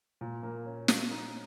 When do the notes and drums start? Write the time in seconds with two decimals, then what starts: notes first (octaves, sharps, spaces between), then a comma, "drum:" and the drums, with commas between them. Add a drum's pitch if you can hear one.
0.21 A#2
0.43 A#3
0.65 C#4
0.88 F#3, drum: snare
1.11 D#4